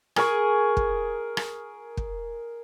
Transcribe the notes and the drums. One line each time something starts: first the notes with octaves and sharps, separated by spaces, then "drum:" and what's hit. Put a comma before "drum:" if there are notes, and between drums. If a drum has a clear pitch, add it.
G#4 A#4 G#5 C#6, drum: rim click
drum: kick
drum: rim click
drum: kick